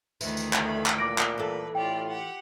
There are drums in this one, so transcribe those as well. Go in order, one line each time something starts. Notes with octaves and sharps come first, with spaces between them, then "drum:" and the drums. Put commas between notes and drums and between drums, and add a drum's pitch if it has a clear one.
D2 D#3 E3 B5, drum: tambourine
drum: tambourine
drum: clap
A3
drum: clap
A#2 D6 A#6 D7
drum: clap
E3 A4 B4
A2 F4 G4 D5 G5
G4 F#5